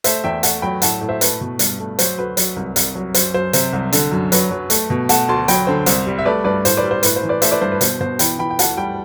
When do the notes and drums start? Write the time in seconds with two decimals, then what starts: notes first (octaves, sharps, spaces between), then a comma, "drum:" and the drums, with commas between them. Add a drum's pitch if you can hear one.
0.04 A3 C5 E5, drum: hi-hat
0.24 E2 E5 G5
0.43 A3 F#5 A5, drum: hi-hat
0.62 F#3 G5 B5
0.82 A2 F#5 A5, drum: hi-hat
1.01 A2
1.09 C5 E5
1.21 A3 B4, drum: hi-hat
1.41 B2
1.59 G2, drum: hi-hat
1.79 A3
1.99 F#3 C5, drum: hi-hat
2.18 D2 B4
2.37 F#3, drum: hi-hat
2.56 C2
2.76 C2, drum: hi-hat
2.95 F#3
3.14 F#2 C5, drum: hi-hat
3.34 F#2 C5
3.53 C3 C5, drum: hi-hat
3.73 C2
3.92 D3, drum: hi-hat
4.12 F#2
4.32 F#3 B4, drum: hi-hat
4.51 F#3
4.70 A3, drum: hi-hat
4.90 B2
5.09 A3 F#5 A5, drum: hi-hat
5.28 D2 A5 C6
5.48 F#3 G5 B5, drum: hi-hat
5.67 D3 C5
5.86 C2 C5, drum: hi-hat
6.07 G3
6.19 E5
6.25 A3 B4 D5
6.44 G2 B4 D5
6.65 A2 C5, drum: hi-hat
6.77 B4 D5
6.83 G3
6.91 C5
7.03 A2 B4, drum: hi-hat
7.16 C5
7.23 E3
7.29 B4 D5
7.42 A3 C5 E5, drum: hi-hat
7.51 B4 D5
7.61 G2 C5
7.72 B4
7.81 B2 C5, drum: hi-hat
8.00 B2 C5
8.19 E3 G5 B5, drum: hi-hat
8.39 E3 G5 B5
8.50 G5
8.59 D2 F#5 A5, drum: hi-hat
8.77 G3 G5 B5